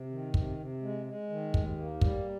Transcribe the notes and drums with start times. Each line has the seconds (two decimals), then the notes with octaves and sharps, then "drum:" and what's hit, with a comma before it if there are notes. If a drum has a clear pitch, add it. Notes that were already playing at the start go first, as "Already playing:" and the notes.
Already playing: C3
0.11 D#3
0.34 C3, drum: kick
0.58 C3
0.82 G#3
1.06 G#3
1.30 D#3
1.54 D#2, drum: kick
1.78 A#3
2.01 G3, drum: kick